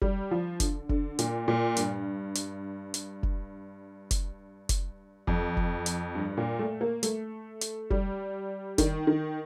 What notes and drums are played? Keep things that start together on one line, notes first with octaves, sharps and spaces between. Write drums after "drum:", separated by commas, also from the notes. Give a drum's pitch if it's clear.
G3, drum: kick F1
F3
D3, drum: kick F1, hi-hat
D3, drum: kick F1
A#2, drum: hi-hat
A#2
G2, drum: hi-hat
drum: hi-hat
drum: hi-hat
drum: kick F1
drum: kick F1, hi-hat
drum: kick F1, hi-hat
F2, drum: kick F1
drum: kick F1
drum: hi-hat
G2
A#2
A3
A#3
A3, drum: hi-hat
drum: hi-hat
G3, drum: kick F1
D#3, drum: kick F1, hi-hat
D#3